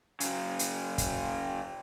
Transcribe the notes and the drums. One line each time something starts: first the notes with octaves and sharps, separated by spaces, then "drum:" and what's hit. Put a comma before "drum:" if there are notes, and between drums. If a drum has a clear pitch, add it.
C#3 F#3, drum: hi-hat
drum: hi-hat
drum: kick, hi-hat